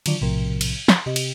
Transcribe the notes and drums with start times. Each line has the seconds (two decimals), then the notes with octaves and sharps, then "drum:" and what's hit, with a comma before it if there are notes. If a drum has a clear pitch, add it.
0.06 D3 D#3 F#3 F4 D5, drum: cymbal
0.21 B1 A2 C3 F3 A#4
0.61 drum: cymbal
0.88 drum: snare
1.06 C3 G4 D#5
1.16 drum: cymbal